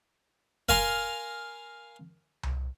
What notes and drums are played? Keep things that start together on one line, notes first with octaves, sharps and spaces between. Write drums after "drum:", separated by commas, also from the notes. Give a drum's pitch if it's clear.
A#4 F5 G#5 A#5 C6, drum: kick
drum: tom C2